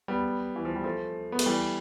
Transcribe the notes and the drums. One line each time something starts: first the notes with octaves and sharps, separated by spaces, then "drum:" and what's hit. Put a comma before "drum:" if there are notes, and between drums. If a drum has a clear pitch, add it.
G3 B3
E3
F3
G3
F3 A3
B3
A3, drum: cymbal
E3 G3